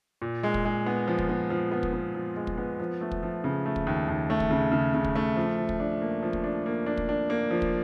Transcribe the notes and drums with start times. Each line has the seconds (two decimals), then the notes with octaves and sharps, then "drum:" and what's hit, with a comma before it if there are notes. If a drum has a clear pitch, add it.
0.22 A#2
0.43 G#3
0.54 drum: kick
0.65 G#3
0.86 B3
1.07 F3
1.18 drum: kick
1.29 B3
1.50 F3
1.72 B3
1.83 drum: kick
1.93 B3
2.15 F3
2.36 G#3
2.47 drum: kick
2.58 B3
2.80 F3
3.01 A3
3.11 drum: kick
3.23 F3
3.44 C#3
3.66 A3
3.76 drum: kick
3.87 D#2
4.09 D#2
4.30 A3
4.40 drum: kick
4.51 C#3
4.72 C#3
4.94 C#3
5.04 drum: kick
5.16 A3
5.36 F3
5.57 F3
5.69 drum: kick
5.80 D4
6.01 A#3
6.23 F3
6.33 drum: kick
6.44 D4
6.66 A#3
6.86 D4
6.97 drum: kick
7.09 D4
7.30 A#3
7.51 F3
7.62 drum: kick